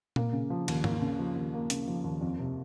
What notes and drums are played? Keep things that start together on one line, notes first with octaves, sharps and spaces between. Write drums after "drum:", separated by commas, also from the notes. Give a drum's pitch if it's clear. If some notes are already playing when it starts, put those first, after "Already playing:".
A#3, drum: tom A#2
C#3
F3
D#2, drum: cymbal
A#3, drum: tom G#2
C#3
F3
D#2
A#3
C#3, drum: hi-hat
F3
D#2
F2
C3